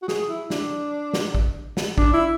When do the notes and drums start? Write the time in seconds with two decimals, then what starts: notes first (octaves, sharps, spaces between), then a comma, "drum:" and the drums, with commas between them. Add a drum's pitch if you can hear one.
0.02 F#4
0.08 G#4, drum: snare
0.29 E4
0.50 D4, drum: snare
1.13 drum: snare
1.35 drum: kick
1.77 drum: snare
1.98 D4, drum: kick
2.13 E4